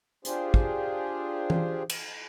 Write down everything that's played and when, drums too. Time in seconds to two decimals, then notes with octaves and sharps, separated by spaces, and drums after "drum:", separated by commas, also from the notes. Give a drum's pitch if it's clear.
0.25 D4 F4 G4 G#4 C5, drum: hi-hat
0.54 drum: kick
1.50 drum: tom E3
1.90 drum: cymbal